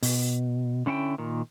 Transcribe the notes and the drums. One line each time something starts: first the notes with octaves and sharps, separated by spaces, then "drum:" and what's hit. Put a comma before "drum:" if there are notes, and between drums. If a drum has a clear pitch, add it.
B2, drum: open hi-hat
D3 C#4 E4 F#5 G5
A#2 D#3